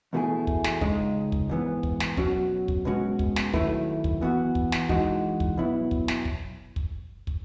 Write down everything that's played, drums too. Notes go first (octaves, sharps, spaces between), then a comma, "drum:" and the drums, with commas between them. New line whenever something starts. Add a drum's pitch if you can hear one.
E2 B2 A3 E4 G#4
drum: kick
drum: snare
C#2 C#3 G#3 D#4, drum: kick
drum: kick
G#2 E3 B3
drum: kick
drum: snare
B2 F#3 C#4 F#4, drum: kick
drum: kick
B2 G#3 C#4 F#4
drum: kick
drum: snare
F#2 D#3 A3 E4 B4, drum: kick
drum: kick
E3 B3 F#4
drum: kick
drum: snare
E3 G#3 D#4 F#4, drum: kick
drum: kick
B2 F#3 B3 E4
drum: kick
drum: snare
drum: kick
drum: kick
drum: kick